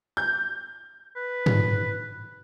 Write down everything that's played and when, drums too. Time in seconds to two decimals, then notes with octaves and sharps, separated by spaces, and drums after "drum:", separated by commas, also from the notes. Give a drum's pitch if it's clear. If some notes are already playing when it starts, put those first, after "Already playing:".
0.17 G6
1.16 B4
1.46 drum: tom